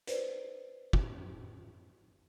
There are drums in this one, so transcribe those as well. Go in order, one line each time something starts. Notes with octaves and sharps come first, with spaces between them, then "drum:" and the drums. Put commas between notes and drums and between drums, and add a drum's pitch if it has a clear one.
B4 C5 D5, drum: hi-hat
drum: kick